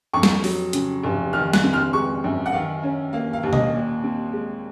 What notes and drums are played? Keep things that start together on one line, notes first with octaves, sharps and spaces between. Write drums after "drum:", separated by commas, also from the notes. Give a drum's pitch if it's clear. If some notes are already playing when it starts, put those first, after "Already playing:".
F2 C#6
drum: snare
F#3, drum: open hi-hat
C#3, drum: hi-hat
F1
D#3 F6
F#6, drum: snare
C4
F6
G#3 C#6
F#2
F#5
D#3 F5
C#4
A#3 F5
F5
D#2
D#5, drum: tom B2
A#2
C4
G#3